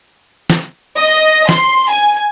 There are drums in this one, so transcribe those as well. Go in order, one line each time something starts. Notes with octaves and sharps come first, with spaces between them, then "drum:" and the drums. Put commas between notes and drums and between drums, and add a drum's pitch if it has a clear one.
drum: snare
D#5
C6, drum: snare
G#5